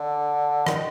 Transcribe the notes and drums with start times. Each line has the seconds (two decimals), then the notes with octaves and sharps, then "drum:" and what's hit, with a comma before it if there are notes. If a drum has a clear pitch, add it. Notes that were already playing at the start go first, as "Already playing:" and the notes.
Already playing: D3
0.67 D#3, drum: rim click